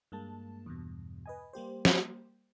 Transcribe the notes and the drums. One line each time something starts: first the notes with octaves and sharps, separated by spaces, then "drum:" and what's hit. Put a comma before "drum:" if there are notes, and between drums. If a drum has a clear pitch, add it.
G2 G#3 A#3 A5
E2 G2 B2
B4 D#5 G#5
G3 A#3 G4 C5
drum: snare